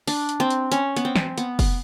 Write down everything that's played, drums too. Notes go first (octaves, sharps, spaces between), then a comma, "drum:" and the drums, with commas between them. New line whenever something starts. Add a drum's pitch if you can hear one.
D4, drum: open hi-hat
drum: hi-hat
C4
drum: hi-hat
C#4, drum: hi-hat
B3, drum: hi-hat
C4
drum: snare
B3, drum: hi-hat
drum: kick, open hi-hat